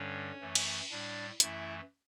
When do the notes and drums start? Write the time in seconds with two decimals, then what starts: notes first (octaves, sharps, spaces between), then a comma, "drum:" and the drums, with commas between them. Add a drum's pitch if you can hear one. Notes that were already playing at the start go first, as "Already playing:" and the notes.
Already playing: G2 D3 G3 C#4 C#5
0.41 F#2 E3 A3
0.55 drum: cymbal
0.91 A2 G3 D4 D5
1.40 F#2 E3 A3 E4 E5, drum: hi-hat